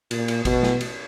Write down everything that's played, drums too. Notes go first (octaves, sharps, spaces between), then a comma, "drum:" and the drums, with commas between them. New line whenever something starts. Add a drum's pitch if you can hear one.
A#2, drum: cymbal
drum: cymbal
B2, drum: kick A1, cymbal
drum: snare
drum: cymbal